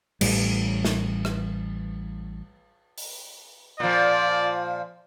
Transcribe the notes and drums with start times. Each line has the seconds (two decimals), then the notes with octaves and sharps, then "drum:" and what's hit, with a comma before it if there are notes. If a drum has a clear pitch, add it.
0.21 A1 A2 G3, drum: cymbal
0.85 drum: snare
1.25 drum: rim click
2.98 drum: open hi-hat
3.80 A#2 F3 D5